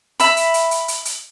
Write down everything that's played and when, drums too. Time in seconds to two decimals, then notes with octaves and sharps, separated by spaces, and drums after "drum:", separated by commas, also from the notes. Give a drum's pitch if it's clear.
0.20 E5 B5, drum: hi-hat
0.37 drum: hi-hat
0.54 drum: hi-hat
0.71 drum: hi-hat
0.88 drum: hi-hat
1.05 drum: hi-hat